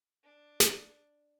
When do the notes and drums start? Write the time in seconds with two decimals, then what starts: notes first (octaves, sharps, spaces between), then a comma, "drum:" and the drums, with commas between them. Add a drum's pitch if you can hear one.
0.24 D4
0.60 drum: snare